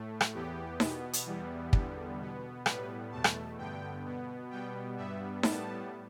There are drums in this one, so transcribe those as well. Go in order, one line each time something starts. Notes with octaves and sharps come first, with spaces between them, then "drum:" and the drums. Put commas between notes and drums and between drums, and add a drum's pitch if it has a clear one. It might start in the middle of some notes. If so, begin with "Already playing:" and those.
Already playing: A2 A3
drum: rim click
E2 E3 B3 G4
B2 B3, drum: snare D#4
drum: hi-hat
E2 E3 G3 B3
E2 D3 G3 B3, drum: kick
B2 B3
A2 G3 B3 B4, drum: rim click
E2 B2 A3 A5
drum: rim click
G2 D3 B3 G5
B2 B3
B2 G3 B3 G5
G2 G3 B3 E5
A2 G3 B3 A5, drum: snare D#4